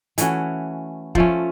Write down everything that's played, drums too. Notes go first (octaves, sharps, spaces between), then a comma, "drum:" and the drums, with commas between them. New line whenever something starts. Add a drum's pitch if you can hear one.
E3 A3 C#4 F#4, drum: hi-hat
F3 A3 C#4, drum: kick